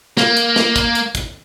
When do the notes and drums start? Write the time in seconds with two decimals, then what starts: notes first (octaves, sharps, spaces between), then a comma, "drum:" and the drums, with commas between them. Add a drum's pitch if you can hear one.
0.17 A#3, drum: snare
0.37 drum: hi-hat
0.56 drum: snare
0.76 drum: kick, hi-hat
0.95 drum: hi-hat
1.15 drum: kick, hi-hat